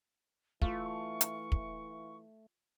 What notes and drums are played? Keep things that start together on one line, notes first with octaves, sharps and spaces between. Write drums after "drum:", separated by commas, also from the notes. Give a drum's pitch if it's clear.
E3 A3 F4 C#6, drum: kick
drum: hi-hat
drum: kick